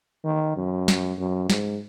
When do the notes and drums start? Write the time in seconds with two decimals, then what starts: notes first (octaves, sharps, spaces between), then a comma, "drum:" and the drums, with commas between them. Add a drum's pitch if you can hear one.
0.25 D#3
0.57 F#2
0.88 drum: snare
1.19 F#2
1.50 G#2, drum: snare